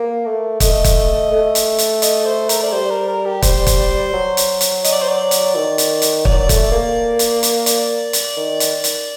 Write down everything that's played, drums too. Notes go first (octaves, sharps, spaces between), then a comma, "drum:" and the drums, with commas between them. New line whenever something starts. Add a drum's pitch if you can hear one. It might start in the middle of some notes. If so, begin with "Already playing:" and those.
Already playing: A#3
A3
A3 D#5, drum: kick, hi-hat
drum: kick, hi-hat
A3
drum: hi-hat
drum: hi-hat
D#5, drum: hi-hat
C5
A#4, drum: hi-hat
D5
G3 C5
A#4
A#4
G4
C5, drum: kick, hi-hat
drum: kick, hi-hat
F#3
drum: hi-hat
drum: hi-hat
D#5, drum: hi-hat
D5
C5
D5
drum: hi-hat
D#3
drum: hi-hat
drum: hi-hat
F#3 D5, drum: kick
A3, drum: kick, hi-hat
A#3
drum: hi-hat
drum: hi-hat
D5, drum: hi-hat
drum: hi-hat
D#3
drum: hi-hat
drum: hi-hat